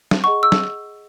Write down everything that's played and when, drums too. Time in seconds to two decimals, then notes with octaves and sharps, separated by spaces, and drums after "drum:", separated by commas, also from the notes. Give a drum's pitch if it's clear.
0.11 drum: snare
0.24 G#4 D#5 F#5 C#6
0.43 E6
0.52 drum: snare